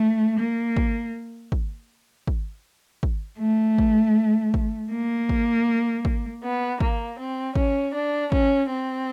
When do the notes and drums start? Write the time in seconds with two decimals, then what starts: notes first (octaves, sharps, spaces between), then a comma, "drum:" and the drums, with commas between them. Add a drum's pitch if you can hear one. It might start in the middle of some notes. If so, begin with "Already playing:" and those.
Already playing: A3
0.39 A#3
0.77 drum: kick
1.52 drum: kick
2.27 drum: kick
3.03 drum: kick
3.40 A3
3.78 drum: kick
4.54 drum: kick
4.92 A#3
5.29 drum: kick
6.05 drum: kick
6.43 B3
6.80 A#3, drum: kick
7.19 C4
7.56 C#4, drum: kick
7.93 D4
8.32 C#4, drum: kick
8.69 C4